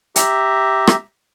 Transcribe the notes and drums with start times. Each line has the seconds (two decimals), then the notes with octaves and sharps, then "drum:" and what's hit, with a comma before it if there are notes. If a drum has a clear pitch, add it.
0.16 G4 E5 A#5, drum: hi-hat
0.87 drum: rim click